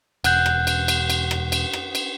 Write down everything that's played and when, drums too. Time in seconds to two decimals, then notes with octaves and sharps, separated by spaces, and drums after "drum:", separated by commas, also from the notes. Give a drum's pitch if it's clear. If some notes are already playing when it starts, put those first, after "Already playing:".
0.24 E1 F#5 F#6 G6, drum: cymbal
0.46 drum: rim click
0.67 drum: cymbal
0.88 drum: cymbal
1.10 drum: cymbal
1.31 drum: rim click
1.52 drum: cymbal
1.73 drum: rim click
1.95 drum: cymbal